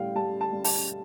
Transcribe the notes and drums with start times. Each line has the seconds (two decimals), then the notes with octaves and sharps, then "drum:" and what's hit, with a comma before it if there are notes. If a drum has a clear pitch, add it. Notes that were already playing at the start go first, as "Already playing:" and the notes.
Already playing: A2 G3 F5 G5
0.15 G3 A5
0.41 A5
0.53 G3
0.64 A5, drum: open hi-hat